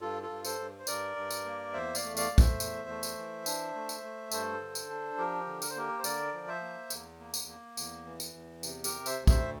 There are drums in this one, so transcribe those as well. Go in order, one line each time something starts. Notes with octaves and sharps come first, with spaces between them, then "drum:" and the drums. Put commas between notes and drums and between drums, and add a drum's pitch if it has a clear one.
G2 F4 A4
F4 A4
G2
A4 C5, drum: tambourine
G2
C5
G2 A#4 D5, drum: tambourine
G2
drum: tambourine
A#3
E2 C5 E5
D5 F5, drum: tambourine
A3
D5 F5, drum: tambourine
A3
C5 E5, drum: kick, tambourine
E2, drum: tambourine
A3
drum: tambourine
E3
D4, drum: tambourine
A3
drum: tambourine
A3
G2 A4 C5, drum: tambourine
D3
drum: tambourine
D4
F3 G4 A#4
D3
A#4, drum: tambourine
C5
A#3 G4 A#4
C5
D3 A#4 D5, drum: tambourine
F3
C5 E5
A#3
E2, drum: tambourine
A#3
drum: tambourine
A#3
E2, drum: tambourine
E3
drum: tambourine
E2
C3, drum: tambourine
G4 A#4, drum: tambourine
C3
C5 E5, drum: tambourine
D2
C5 E5, drum: kick, tambourine